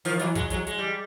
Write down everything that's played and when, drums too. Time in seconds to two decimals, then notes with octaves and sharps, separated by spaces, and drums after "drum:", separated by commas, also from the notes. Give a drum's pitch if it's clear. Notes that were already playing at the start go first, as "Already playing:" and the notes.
0.05 D#3 F3, drum: open hi-hat
0.19 E3 F#3, drum: hi-hat
0.35 F#3 G#3, drum: kick, hi-hat
0.50 F#3 G#3, drum: hi-hat
0.67 G#3, drum: hi-hat
0.78 G3